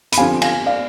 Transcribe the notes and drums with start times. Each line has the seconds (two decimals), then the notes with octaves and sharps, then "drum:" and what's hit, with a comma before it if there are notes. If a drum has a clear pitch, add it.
0.12 B5, drum: hi-hat
0.17 D3 F3 C4 G4 F5 G#5
0.42 F5 G#5, drum: cymbal
0.66 D5 F5